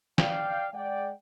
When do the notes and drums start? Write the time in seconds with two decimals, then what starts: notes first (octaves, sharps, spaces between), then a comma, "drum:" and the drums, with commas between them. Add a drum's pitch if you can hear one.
0.18 D5 F5 G5, drum: snare
0.74 G#3 D5 F#5 G5